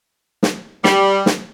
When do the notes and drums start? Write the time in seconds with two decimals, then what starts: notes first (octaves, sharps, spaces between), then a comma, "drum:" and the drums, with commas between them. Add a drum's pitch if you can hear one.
0.43 drum: snare
0.84 G3, drum: snare
1.26 drum: snare